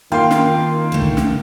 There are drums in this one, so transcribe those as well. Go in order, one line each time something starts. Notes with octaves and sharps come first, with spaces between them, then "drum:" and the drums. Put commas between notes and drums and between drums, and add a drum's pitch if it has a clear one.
D#3 A#3 F4 F5 G5 C6
drum: snare
D3 A3
drum: kick
drum: snare